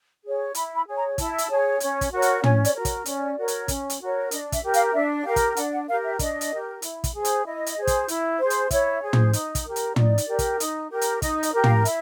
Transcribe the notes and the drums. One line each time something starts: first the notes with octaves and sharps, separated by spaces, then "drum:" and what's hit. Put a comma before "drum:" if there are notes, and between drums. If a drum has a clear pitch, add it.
G#4 C#5
E4 B5, drum: hi-hat
B5
G#4 C#5
A#5
E4 A5, drum: kick, hi-hat
drum: hi-hat
G#4 C#5
C#4, drum: hi-hat
drum: kick, hi-hat
F#4 A#4 C#5
drum: hi-hat
C#4 G#5, drum: tom
D5, drum: hi-hat
F#4 A#4 C#5
C#5, drum: kick, hi-hat
C#4 D5, drum: hi-hat
F#4 A#4 C#5
drum: hi-hat
C#4, drum: kick, hi-hat
drum: hi-hat
F#4 A#4 C#5
D4 D#5, drum: hi-hat
E5, drum: kick, hi-hat
G4 A#4
F5, drum: hi-hat
D4 E5
G4 A#4 F5
drum: kick, hi-hat
D4 F#5, drum: hi-hat
F#5
G4 A#4 F5
E5
D4 D#5, drum: kick, hi-hat
drum: hi-hat
G4 A#4
E4, drum: hi-hat
drum: kick, hi-hat
G#4 C5
drum: hi-hat
E4 D#5
drum: hi-hat
G#4 C5
drum: kick, hi-hat
E4, drum: hi-hat
G#4 C5
drum: hi-hat
E4 C#5, drum: kick, hi-hat
G#4 C5
drum: tom
D#4, drum: hi-hat
drum: kick, hi-hat
G4 A#4
drum: hi-hat
D#4 D5, drum: tom
drum: hi-hat
G4 A#4
drum: kick, hi-hat
D#4, drum: hi-hat
G4 A#4
drum: hi-hat
D#4 D#5, drum: kick, hi-hat
D#5, drum: hi-hat
G4 A#4
F5, drum: tom
E4 E5, drum: hi-hat